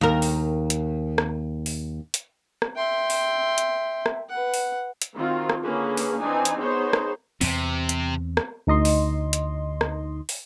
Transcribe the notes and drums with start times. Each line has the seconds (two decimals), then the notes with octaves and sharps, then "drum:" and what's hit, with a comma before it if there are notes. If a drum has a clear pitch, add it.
0.01 D#2 A#4
0.22 drum: open hi-hat
0.70 drum: hi-hat
1.18 drum: rim click
1.66 drum: open hi-hat
2.14 drum: hi-hat
2.62 drum: rim click
2.76 E5 G5 C6
3.10 drum: open hi-hat
3.58 drum: hi-hat
4.06 drum: rim click
4.30 B4 F#5
4.54 drum: open hi-hat
5.02 drum: hi-hat
5.14 D#3 C4 F4 F#4
5.50 drum: rim click
5.62 D3 A#3 C#4 G#4 B4
5.97 drum: open hi-hat
6.20 E3 C4 D4 D#4 G#5
6.45 drum: hi-hat
6.60 B3 D#4 G#4 C5 C#5
6.93 drum: rim click
7.41 E2 C3 C4, drum: open hi-hat
7.89 drum: hi-hat
8.37 drum: rim click
8.67 D2 D#4 D#5 C6
8.85 drum: open hi-hat
9.33 drum: hi-hat
9.81 drum: rim click
10.29 drum: open hi-hat